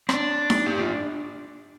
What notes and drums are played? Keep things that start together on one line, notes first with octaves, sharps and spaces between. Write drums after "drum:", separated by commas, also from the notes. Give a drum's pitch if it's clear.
C4, drum: rim click
D4
drum: snare D#4
G4
F4